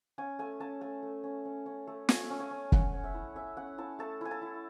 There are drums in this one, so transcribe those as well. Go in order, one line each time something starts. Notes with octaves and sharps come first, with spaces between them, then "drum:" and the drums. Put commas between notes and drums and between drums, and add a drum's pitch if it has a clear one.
C#4 G#5
A3 G#5
C#4 A5
A3 G#5
A3
C#4
C#4
C#4
A3
A3 G#5, drum: snare
C#4
G#5
C#4
C#4 F#5, drum: kick
C#4
E5
E4
C#4 E5
C#4 F#5
E4 A5
A3 A5
E4 G#5
A5
E4